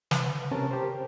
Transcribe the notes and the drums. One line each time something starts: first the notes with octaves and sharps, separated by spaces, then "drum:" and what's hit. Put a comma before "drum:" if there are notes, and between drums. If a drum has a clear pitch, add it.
B4, drum: snare
C3 C#4 A#4 A5
G4 A#4 C5